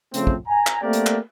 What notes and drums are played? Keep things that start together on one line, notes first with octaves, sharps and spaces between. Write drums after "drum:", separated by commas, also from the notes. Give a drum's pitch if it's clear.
C#3 F3 A3 C4, drum: hi-hat
drum: kick
G#5 A#5
drum: clap
A3 A#3 C4 G4 A#4 D5
drum: hi-hat
drum: clap